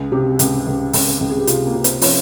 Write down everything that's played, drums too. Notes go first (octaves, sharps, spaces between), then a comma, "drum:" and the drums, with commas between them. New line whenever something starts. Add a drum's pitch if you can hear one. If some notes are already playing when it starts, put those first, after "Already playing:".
Already playing: C#2
C3 G4
C#2, drum: hi-hat
C#2
C#2, drum: open hi-hat
C#2
G#4
G4
C3 F4, drum: hi-hat
A#3
C3
C4, drum: hi-hat
F3 C#4, drum: open hi-hat